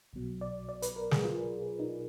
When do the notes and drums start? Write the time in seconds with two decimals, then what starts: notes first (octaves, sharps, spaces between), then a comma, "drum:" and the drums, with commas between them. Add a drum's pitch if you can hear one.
0.13 B1 B2 F#3
0.41 D5
0.69 D5
0.82 B4, drum: hi-hat
0.96 A#4
1.11 G#4, drum: snare
1.25 F4
1.80 D#4